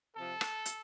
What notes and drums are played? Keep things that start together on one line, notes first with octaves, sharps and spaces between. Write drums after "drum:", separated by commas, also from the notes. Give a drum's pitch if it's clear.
C3 F3 A4
drum: rim click
drum: hi-hat